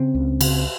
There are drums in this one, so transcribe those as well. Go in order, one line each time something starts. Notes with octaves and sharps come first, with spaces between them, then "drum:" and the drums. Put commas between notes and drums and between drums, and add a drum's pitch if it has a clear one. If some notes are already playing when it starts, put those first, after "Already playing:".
Already playing: C#3 C4
C#2
C#3, drum: cymbal